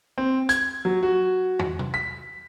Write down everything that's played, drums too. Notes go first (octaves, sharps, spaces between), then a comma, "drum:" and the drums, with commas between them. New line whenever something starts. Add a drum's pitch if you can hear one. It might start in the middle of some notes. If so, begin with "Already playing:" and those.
C4
G#6, drum: hi-hat
F#3
F#4
drum: tom
drum: tom C3
B6